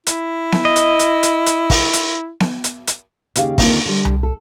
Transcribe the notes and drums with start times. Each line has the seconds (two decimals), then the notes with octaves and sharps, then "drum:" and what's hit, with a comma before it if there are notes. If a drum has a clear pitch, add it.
0.07 E4, drum: hi-hat
0.52 drum: snare B3
0.65 D#5
0.76 drum: hi-hat
0.99 drum: hi-hat
1.23 drum: hi-hat
1.46 drum: hi-hat
1.70 drum: kick, open hi-hat
1.93 drum: hi-hat
2.40 drum: snare B3
2.64 drum: hi-hat
2.87 drum: hi-hat
3.36 D#2 C#3 G4 F5, drum: hi-hat
3.58 D#2 D3 A#3 C4 D#4 F4, drum: kick, open hi-hat
3.86 D3 G3
4.05 drum: tom C2
4.23 A4